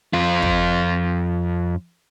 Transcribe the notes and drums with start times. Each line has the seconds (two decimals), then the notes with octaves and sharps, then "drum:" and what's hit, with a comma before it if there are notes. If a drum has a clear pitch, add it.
0.13 F2 F4
0.42 drum: kick